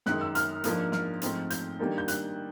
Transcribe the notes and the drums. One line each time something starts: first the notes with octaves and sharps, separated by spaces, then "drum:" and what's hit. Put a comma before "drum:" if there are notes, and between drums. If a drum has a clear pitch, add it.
F#2 D#3 G#3 F#6, drum: snare
E6
F6, drum: hi-hat
G#2 F3 A#3 D4, drum: hi-hat
F6, drum: snare
G#2 F3 A3 C4, drum: hi-hat
G6, drum: hi-hat
D#3 G3 A#3 D4
G6
F#6, drum: hi-hat